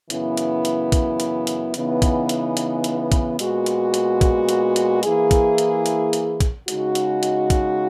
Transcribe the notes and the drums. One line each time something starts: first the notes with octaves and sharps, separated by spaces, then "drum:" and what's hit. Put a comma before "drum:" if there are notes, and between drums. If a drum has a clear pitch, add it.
F#2 C#3 E3 B3 E4, drum: hi-hat
drum: hi-hat
drum: hi-hat
drum: kick, hi-hat
drum: hi-hat
drum: hi-hat
C#3 E3 B3 D#4, drum: hi-hat
drum: kick, hi-hat
drum: hi-hat
drum: hi-hat
drum: hi-hat
drum: kick, hi-hat
A#2 G#3 B3 F#4, drum: hi-hat
drum: hi-hat
drum: hi-hat
drum: kick, hi-hat
drum: hi-hat
drum: hi-hat
E3 A#3 E4 G#4, drum: hi-hat
drum: kick, hi-hat
drum: hi-hat
drum: hi-hat
drum: hi-hat
drum: kick, hi-hat
C#3 G#3 D#4 F#4, drum: hi-hat
drum: hi-hat
drum: hi-hat
drum: kick, hi-hat